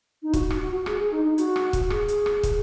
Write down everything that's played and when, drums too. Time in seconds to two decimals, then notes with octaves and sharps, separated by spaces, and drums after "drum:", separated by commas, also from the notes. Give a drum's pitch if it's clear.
0.23 D#4
0.33 F#4, drum: kick, hi-hat
0.50 drum: rim click
0.60 F#4
0.72 F#4
0.86 G#4, drum: rim click
0.98 G#4
1.11 D#4
1.25 D#4
1.38 F#4, drum: hi-hat
1.56 drum: rim click
1.73 drum: kick, hi-hat
1.90 G#4, drum: rim click
2.08 drum: hi-hat
2.26 drum: rim click
2.43 drum: kick, hi-hat